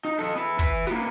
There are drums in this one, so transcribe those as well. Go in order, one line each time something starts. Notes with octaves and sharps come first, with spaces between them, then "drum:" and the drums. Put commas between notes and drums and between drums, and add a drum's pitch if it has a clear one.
D#4
A4 D#5
B3 E4
E4 B4, drum: kick, hi-hat
A#3 B3, drum: snare